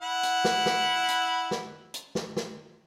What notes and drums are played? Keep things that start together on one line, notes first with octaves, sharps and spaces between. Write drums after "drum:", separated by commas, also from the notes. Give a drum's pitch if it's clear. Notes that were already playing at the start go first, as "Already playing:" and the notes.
E4 F#5
drum: hi-hat
drum: snare
drum: snare
drum: hi-hat
drum: snare
drum: hi-hat
drum: snare
drum: snare